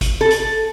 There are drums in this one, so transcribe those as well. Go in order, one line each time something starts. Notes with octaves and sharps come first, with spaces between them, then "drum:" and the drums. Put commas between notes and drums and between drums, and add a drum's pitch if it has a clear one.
drum: kick, hi-hat
A4
drum: hi-hat